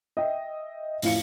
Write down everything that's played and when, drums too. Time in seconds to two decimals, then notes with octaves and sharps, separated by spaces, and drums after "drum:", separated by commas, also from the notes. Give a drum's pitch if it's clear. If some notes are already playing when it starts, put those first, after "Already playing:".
0.17 D#5 E5 G5
1.02 A1 F2 E4 F5 C#7, drum: open hi-hat